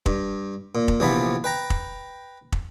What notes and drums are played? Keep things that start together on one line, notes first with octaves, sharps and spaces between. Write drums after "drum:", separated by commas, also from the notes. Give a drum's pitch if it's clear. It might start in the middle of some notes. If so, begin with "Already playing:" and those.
G2, drum: kick
A#2
drum: kick
A#1 C3 E3 F3 B3 B5
B4 G5 A#5
drum: kick
drum: kick